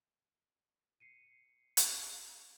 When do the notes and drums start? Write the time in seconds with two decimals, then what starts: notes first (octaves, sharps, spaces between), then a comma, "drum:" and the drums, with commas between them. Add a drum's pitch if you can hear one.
1.00 C7 C#7 D#7
1.77 drum: hi-hat